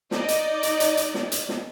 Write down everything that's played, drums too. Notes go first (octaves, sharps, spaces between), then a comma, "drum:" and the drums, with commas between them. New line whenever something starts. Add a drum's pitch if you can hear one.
D#4 D5 D#5, drum: snare
drum: hi-hat
drum: hi-hat
drum: hi-hat
drum: hi-hat
drum: snare
drum: hi-hat
drum: snare